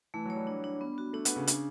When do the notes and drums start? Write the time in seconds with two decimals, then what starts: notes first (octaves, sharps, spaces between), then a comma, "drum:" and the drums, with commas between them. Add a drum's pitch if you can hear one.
0.14 E3 A3
0.25 F#3 C#5
0.36 G3
0.47 D4
0.64 D4
0.81 B3
0.98 F#4
1.13 A3 D4
1.25 B3 D4, drum: hi-hat
1.36 C#3
1.47 D4, drum: hi-hat